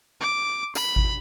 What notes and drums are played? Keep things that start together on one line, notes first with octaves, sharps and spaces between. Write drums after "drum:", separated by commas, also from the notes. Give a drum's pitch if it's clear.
D6
B5, drum: tambourine
drum: kick G#1